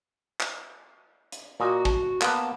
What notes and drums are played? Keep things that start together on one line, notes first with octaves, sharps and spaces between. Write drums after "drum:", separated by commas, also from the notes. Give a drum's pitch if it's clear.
drum: clap
drum: hi-hat
A#2 F#4 D#5
A5, drum: kick
A#3 B3 A5, drum: clap